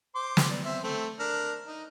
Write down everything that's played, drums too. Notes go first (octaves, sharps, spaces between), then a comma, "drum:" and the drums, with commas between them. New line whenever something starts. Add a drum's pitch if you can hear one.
C5 C6 D6
drum: snare
D5
C4 E5
A3 C4
D4 A#4
D#4